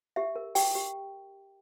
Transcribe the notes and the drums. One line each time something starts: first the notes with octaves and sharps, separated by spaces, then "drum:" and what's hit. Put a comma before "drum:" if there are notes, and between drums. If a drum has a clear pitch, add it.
G4 E5
A#4
G4 G5, drum: open hi-hat
G4